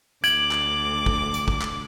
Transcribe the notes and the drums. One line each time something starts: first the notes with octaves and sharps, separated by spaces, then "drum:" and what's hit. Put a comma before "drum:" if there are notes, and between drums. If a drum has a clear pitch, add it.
D2 D6 G#6 D7 F#7, drum: hi-hat
drum: clap
drum: kick
drum: hi-hat
drum: kick
drum: clap